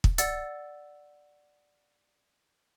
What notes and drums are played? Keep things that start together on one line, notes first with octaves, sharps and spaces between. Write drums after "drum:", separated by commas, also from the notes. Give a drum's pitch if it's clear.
drum: kick
D5 F#5 E6 A6, drum: hi-hat